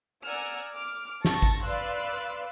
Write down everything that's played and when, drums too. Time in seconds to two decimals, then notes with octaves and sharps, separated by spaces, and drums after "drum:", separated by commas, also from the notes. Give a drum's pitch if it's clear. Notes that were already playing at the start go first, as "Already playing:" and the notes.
0.24 D5 F#5 G#5 A#5 E6 F6
0.75 D6 F6
1.25 A5 C#6 A6 A#6, drum: snare
1.42 drum: kick G#1
1.63 B4 D5 F5 C6 E6 F#6